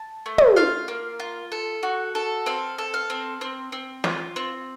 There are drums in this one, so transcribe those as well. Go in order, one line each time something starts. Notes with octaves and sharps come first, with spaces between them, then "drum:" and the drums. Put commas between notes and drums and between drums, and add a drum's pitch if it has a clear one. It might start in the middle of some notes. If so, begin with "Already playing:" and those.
Already playing: A5
A3
drum: tom
F4 F5
A#3
F4
A4
F#4
A4
C4 F5
A4
F5
C4
C4
C4
F4, drum: snare
C4